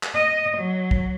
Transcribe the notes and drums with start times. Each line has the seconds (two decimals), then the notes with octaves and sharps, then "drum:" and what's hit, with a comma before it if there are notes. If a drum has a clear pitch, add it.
0.03 drum: clap
0.15 D#5
0.57 F#3
0.91 drum: kick